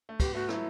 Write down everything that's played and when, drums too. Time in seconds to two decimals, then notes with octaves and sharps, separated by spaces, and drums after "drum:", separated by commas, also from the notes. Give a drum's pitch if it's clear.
0.09 A3
0.20 B3 G4, drum: kick, cymbal
0.35 A3 F#4
0.49 F#3 E4, drum: rim click